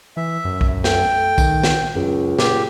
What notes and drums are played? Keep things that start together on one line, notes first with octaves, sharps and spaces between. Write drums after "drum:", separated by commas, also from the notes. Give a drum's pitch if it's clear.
E3 E5
F#2
drum: kick B1
A3 G5, drum: snare
D#3, drum: kick B1, tambourine
drum: snare
C#2 F#2
A#2 G4, drum: snare